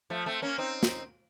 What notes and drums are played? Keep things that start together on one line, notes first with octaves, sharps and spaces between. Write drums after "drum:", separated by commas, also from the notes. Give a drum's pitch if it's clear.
F3 A3
A3 C4
A#3 C#4
C4 D#4
drum: snare